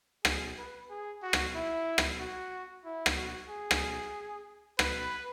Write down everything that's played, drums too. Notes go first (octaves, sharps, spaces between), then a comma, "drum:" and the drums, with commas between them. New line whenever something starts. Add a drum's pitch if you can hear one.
G#4, drum: rim click
B4
G#4
F#4
drum: rim click
E4
drum: rim click
F#4
E4
drum: rim click
F#4
G#4
drum: rim click
B4, drum: rim click